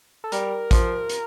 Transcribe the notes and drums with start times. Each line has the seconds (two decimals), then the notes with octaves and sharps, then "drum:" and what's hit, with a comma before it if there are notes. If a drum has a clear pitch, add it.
0.24 A4
0.32 G3 A#4, drum: hi-hat
0.71 F3, drum: kick A1, hi-hat
1.09 drum: hi-hat